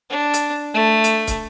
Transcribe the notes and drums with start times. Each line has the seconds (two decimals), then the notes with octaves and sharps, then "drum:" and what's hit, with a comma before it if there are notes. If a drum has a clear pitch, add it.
0.10 D4
0.34 drum: hi-hat
0.74 A3
1.04 drum: hi-hat
1.27 drum: kick, hi-hat